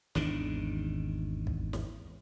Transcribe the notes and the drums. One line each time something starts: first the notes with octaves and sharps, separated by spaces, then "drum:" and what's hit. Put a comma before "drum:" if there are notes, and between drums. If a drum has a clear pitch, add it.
G#1 E2 D#3 D4, drum: snare
drum: kick
drum: snare